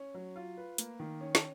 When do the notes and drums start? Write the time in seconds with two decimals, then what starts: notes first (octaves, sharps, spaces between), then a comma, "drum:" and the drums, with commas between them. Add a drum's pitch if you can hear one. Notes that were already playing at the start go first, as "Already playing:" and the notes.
Already playing: C#4
0.14 F#3
0.36 F4
0.57 B4
0.78 A#3, drum: hi-hat
1.00 D#3
1.21 C#4
1.35 drum: snare